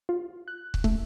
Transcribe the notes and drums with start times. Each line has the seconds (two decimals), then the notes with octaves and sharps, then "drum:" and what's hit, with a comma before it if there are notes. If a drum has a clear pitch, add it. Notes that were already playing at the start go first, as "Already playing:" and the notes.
0.09 F4
0.48 F#6
0.74 drum: kick
0.84 A3, drum: kick